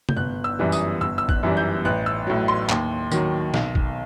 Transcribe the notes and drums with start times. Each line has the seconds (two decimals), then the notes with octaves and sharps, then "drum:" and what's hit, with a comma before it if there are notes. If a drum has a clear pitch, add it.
0.09 G6, drum: tom C3
0.16 G1 F#6
0.44 E6
0.59 F#2 E3 G3
0.72 D#6, drum: tambourine
1.01 G1 E6
1.18 E6
1.29 F#6, drum: kick
1.43 F#2 E3 G3
1.57 G6
1.85 A1 F#6
2.06 E6
2.27 A2 F#3
2.48 C6
2.69 D#2, drum: clap
3.12 D#3 F#3, drum: tambourine
3.54 B1, drum: snare
3.75 drum: kick